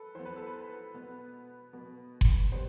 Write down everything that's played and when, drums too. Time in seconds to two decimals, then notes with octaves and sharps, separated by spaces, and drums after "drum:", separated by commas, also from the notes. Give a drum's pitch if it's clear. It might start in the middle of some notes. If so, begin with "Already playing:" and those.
Already playing: A4 B4
0.15 E3 B3 C5
0.25 B4
0.36 A4
0.46 B4
0.94 B2 B3
1.73 B2 B3
2.21 drum: kick F#1
2.52 B2 G3 B3 C5